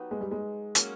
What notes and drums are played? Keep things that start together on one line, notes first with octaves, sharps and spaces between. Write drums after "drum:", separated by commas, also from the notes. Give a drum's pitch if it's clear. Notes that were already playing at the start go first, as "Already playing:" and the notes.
Already playing: F#3 B3 D#4 G4
G#3
G3
G#3
F#3 A#3 C#4 F#4, drum: hi-hat